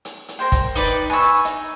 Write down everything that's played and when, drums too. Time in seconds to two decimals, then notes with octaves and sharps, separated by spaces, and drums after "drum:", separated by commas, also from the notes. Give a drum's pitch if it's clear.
0.05 drum: hi-hat
0.28 drum: hi-hat
0.39 A#4 C5 G5
0.52 drum: kick, hi-hat
0.75 D#4 B4 D5, drum: hi-hat
1.10 B4 G#5 C#6 E6
1.22 drum: hi-hat
1.45 D#4, drum: hi-hat